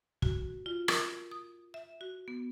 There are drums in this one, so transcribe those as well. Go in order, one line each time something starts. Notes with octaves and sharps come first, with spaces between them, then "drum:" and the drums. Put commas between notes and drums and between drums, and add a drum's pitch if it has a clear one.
F#4, drum: kick
F4
A#4, drum: rim click
D#6
E5
F#4
B3